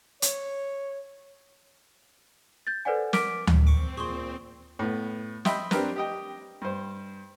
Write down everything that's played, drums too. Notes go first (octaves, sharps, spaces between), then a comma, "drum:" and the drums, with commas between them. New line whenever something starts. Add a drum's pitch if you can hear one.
C#5, drum: hi-hat
G6 A6
A4 B4 C5 D5 F#5 G#5
A#4 D6 F6 B6 D7, drum: snare
drum: tom D2
C4 C#6 D6
A#2 G#4 C6 C#6
A2 B3
D#5 E5 G5 B5 C6, drum: snare
C4 D4 G4 A#4 B4, drum: snare
G4 D#5 G5
G2 C5